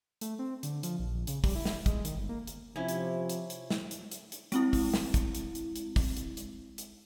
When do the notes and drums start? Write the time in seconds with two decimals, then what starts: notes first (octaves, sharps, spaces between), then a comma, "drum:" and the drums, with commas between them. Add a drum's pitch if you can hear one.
0.21 A3, drum: hi-hat
0.39 C4
0.63 D3, drum: hi-hat
0.83 F3, drum: hi-hat
0.99 A#1
1.27 C#3, drum: hi-hat
1.44 G3, drum: kick, open hi-hat
1.55 E4
1.65 drum: snare
1.86 G#3, drum: kick, hi-hat
2.05 D#3, drum: hi-hat
2.17 G1
2.29 A#3
2.47 drum: hi-hat
2.76 C3 F3 C#4 E4
2.88 drum: hi-hat
3.29 drum: hi-hat
3.50 drum: hi-hat
3.71 drum: snare
3.91 drum: hi-hat
4.12 drum: hi-hat
4.32 drum: hi-hat
4.52 G#3 C4 E4, drum: hi-hat
4.73 drum: kick, open hi-hat
4.94 drum: snare
5.14 drum: kick, hi-hat
5.35 drum: hi-hat
5.55 drum: hi-hat
5.76 drum: hi-hat
5.96 drum: kick, open hi-hat
6.17 drum: hi-hat
6.37 drum: hi-hat
6.78 drum: hi-hat